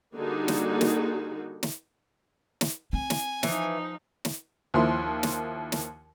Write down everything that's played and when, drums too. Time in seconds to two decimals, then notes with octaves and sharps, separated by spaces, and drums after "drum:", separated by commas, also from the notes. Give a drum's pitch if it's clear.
0.16 D3 G3 A#3 D#4 F#4 G#4
0.48 drum: snare
0.81 drum: snare
1.63 drum: snare
2.61 drum: snare
2.93 C4 G#5
3.10 drum: snare
3.43 E3 F3 D#4, drum: snare
4.25 drum: snare
4.74 D#2 F3 A#3 E4 C6
5.23 drum: snare
5.72 drum: snare